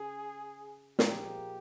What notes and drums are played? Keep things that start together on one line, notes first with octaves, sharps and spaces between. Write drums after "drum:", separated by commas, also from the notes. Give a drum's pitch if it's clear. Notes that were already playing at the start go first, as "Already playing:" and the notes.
Already playing: C#3 G#4
A#2 F3 A#3 D#4 G4 G#4, drum: snare